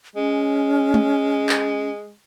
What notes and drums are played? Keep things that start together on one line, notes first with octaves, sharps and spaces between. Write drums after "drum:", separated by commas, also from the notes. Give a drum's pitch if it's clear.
G#3 C#4
drum: tom
drum: clap